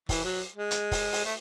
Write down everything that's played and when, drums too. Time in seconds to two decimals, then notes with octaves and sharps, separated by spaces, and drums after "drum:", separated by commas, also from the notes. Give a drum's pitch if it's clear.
0.09 E3, drum: kick, open hi-hat
0.24 F#3
0.56 G#3
0.71 drum: hi-hat
0.92 drum: kick, open hi-hat
1.12 drum: open hi-hat
1.25 A3